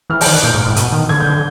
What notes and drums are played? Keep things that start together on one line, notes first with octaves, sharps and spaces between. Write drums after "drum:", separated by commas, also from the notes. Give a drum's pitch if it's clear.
E3 F6
G6, drum: open hi-hat
D#3
F#6
A#2 G6
G#2
A2
B2, drum: hi-hat
D#3
D3 G#6
G6
D3
G6